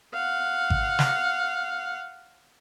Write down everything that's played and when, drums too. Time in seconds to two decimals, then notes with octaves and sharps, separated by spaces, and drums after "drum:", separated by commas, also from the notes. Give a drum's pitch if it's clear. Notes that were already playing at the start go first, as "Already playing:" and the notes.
0.14 F5 F#5
0.70 drum: kick G#1
0.99 drum: snare